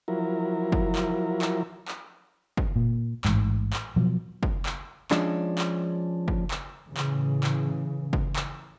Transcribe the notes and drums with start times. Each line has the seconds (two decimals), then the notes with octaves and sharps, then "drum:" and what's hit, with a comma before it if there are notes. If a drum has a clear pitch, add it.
0.08 F3 F#3 E4 A#4
0.72 drum: kick F#1
0.95 drum: clap
1.42 drum: clap
1.88 drum: clap
2.57 drum: kick F#1
2.76 A#2
3.25 A1 G#2, drum: clap
3.73 drum: clap
3.96 B2 F3 F#3
4.43 drum: kick F#1
4.66 drum: clap
5.11 F3 G#3 C#4 D4, drum: clap
5.58 drum: clap
6.28 drum: kick F#1
6.51 drum: clap
6.88 A2 C#3 E3
6.97 drum: clap
7.43 drum: clap
8.13 drum: kick F#1
8.36 drum: clap